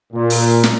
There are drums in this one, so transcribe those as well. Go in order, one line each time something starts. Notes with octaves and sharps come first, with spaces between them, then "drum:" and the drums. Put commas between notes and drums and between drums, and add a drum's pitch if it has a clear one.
A#2
drum: open hi-hat
drum: snare